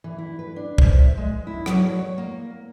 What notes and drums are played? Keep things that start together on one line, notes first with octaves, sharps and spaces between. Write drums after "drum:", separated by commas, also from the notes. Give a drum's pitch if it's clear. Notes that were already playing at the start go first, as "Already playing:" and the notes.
E3
E4
B4
D4
C5, drum: kick C2
E5
G#3
E4
F#3, drum: rim click
C#5
C#5
A#3